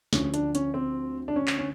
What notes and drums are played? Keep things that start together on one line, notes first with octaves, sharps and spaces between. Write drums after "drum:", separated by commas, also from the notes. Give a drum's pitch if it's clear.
D2 D3 F3 C#4, drum: snare
D4, drum: hi-hat
C#4, drum: hi-hat
C4
D4
C#4
drum: clap
C#4